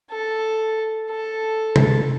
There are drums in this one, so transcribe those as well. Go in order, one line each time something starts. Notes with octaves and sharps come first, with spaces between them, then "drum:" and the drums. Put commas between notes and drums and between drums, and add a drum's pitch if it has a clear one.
A4
A4
drum: tom C3